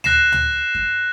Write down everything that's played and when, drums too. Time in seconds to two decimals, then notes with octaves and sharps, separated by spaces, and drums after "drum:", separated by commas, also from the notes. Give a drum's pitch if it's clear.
0.04 F#6 A#6 C7 E7, drum: tom
0.32 drum: tom
0.75 drum: kick F#2